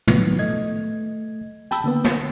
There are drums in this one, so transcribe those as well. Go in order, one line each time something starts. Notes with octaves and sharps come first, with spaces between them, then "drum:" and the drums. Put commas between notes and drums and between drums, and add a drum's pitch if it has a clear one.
A2 D#3 F3 F#3 B3, drum: tom
A3 D#5 G#6
G5 A5 B5 E6, drum: hi-hat
D3 A#3 B3
drum: snare